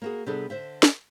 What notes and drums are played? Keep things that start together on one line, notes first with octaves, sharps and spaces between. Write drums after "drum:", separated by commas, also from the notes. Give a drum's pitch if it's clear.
A#3 F#4 G#4
C3 G3 B3 D4 G#4 A4
D3 C5 E5
drum: snare